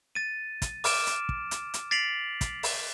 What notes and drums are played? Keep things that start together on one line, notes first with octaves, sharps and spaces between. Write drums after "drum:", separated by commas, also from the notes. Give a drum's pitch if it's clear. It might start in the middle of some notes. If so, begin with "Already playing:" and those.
A6 D#7
drum: kick, hi-hat
D6 F6 D7 E7, drum: open hi-hat
drum: hi-hat
drum: kick
drum: hi-hat
drum: hi-hat
A6 B6 C7 D7 F7 F#7
drum: kick, hi-hat
drum: open hi-hat